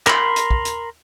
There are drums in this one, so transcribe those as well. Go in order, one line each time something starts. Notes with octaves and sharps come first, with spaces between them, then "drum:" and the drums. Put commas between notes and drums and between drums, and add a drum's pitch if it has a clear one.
A#4 B5 C6, drum: clap
drum: hi-hat
drum: kick
drum: hi-hat